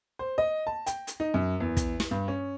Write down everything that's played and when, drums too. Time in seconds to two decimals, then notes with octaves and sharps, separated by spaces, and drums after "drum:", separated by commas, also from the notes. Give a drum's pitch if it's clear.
0.19 C5
0.38 D#5
0.67 A5
0.86 G5, drum: hi-hat
1.07 drum: hi-hat
1.20 D#4
1.34 F#2
1.60 E2
1.77 drum: kick, hi-hat
2.00 drum: snare
2.11 G2
2.28 C#4